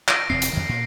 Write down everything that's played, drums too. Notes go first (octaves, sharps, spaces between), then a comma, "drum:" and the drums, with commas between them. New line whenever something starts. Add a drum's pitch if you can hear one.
A#6 D7, drum: clap
F1 E2 C4 C7
drum: hi-hat
F2 D#3
A#2